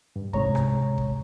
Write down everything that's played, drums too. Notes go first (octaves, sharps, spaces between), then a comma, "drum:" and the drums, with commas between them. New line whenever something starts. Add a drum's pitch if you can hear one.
G2
C2 G#2 C3 G#3 C#5 A#5, drum: kick
drum: rim click
drum: kick